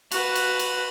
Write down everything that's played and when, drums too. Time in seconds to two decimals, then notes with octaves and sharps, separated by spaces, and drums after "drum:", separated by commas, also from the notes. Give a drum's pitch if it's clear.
0.12 F#4 B4, drum: cymbal
0.35 drum: cymbal
0.59 drum: cymbal